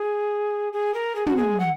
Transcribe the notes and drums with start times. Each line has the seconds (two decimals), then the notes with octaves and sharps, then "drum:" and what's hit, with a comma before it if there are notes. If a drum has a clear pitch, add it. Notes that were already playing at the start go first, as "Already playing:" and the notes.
Already playing: G#4
0.73 G#4
0.94 A#4
1.15 G#4
1.26 F#4, drum: tom
1.37 G#4
1.60 F#5